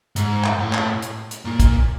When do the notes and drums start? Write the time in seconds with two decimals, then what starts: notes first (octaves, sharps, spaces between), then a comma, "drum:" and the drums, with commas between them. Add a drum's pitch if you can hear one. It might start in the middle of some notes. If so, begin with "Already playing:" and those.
0.16 G#2, drum: hi-hat
0.45 drum: clap
0.59 A2
0.73 drum: clap
1.02 drum: hi-hat
1.31 drum: hi-hat
1.45 A#2
1.60 drum: kick, hi-hat